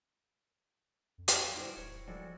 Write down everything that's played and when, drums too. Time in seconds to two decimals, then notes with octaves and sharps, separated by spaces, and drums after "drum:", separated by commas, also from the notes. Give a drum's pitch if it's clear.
1.18 F2
1.28 drum: hi-hat
1.56 E3 F#3 G3 G4 A#4 C5
1.76 D1 C#5
2.08 F3 G3 G#3 F#4 A4